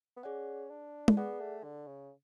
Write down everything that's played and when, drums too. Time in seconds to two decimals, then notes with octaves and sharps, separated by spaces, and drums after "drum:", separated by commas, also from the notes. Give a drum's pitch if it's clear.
0.17 B3
0.23 C#4 G#4 D5 F#5
0.70 D4
1.08 drum: tom
1.17 B3 G#4 D5 F#5
1.40 A3
1.64 D3
1.87 C#3